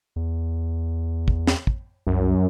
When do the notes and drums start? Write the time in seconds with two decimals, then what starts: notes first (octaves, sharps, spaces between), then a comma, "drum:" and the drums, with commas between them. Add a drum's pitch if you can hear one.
0.16 E2
1.28 drum: kick
1.47 drum: snare
1.67 drum: kick
2.07 C2 F#2